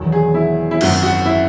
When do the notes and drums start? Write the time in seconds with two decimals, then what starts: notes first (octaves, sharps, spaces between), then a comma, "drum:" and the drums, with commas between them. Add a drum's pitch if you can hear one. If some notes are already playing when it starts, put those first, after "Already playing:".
Already playing: E1 E2 D#3 F#3
0.12 G#4
0.34 E4
0.71 E4
0.81 G#1 F#2 D#3 F#4, drum: cymbal
1.03 F#4
1.26 E4